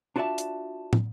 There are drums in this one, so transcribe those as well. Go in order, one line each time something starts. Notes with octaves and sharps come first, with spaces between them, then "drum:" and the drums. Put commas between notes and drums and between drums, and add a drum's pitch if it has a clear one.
D4 F4 F#4 D5 E5 A5
drum: hi-hat
drum: tom